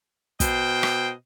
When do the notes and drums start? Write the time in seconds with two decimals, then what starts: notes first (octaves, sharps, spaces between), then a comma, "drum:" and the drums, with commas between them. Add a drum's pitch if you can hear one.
0.40 B2 C5 D#5 G5, drum: kick, hi-hat
0.83 drum: rim click